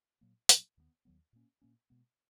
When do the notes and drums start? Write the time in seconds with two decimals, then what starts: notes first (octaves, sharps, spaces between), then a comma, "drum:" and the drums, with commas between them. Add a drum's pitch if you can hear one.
0.21 A#2 F#3 A#3
0.49 A#2 F#3 A#3, drum: hi-hat
0.77 D#2 D#3 F#3 B3
1.05 D#2 D#3 F#3 B3
1.33 A#2 A#3 C#4
1.61 A#2 A#3 C#4
1.90 B2 G#3 B3